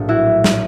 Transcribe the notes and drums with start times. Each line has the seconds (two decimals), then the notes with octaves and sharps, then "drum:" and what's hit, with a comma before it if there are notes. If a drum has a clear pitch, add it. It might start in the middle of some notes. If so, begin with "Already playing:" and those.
Already playing: A#1 A2 F#3
0.09 E4 F#4
0.44 drum: snare